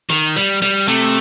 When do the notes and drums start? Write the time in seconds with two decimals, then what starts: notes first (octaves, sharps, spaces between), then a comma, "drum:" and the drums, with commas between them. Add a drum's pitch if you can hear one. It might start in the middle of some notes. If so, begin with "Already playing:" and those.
0.10 D#3, drum: hi-hat
0.36 G3, drum: hi-hat
0.62 G3, drum: hi-hat
0.88 C3 A3